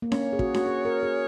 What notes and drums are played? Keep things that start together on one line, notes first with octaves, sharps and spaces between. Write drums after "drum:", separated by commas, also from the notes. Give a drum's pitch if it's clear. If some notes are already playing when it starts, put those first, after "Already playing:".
A#3
C#4 C#5, drum: snare D4
G#4
F#4, drum: kick
F#4, drum: snare D4
G#4
A#4
G#4